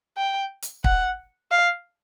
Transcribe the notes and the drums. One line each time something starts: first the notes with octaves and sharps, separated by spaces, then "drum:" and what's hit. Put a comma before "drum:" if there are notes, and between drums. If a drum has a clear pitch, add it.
G5
drum: hi-hat
F#5, drum: kick
F5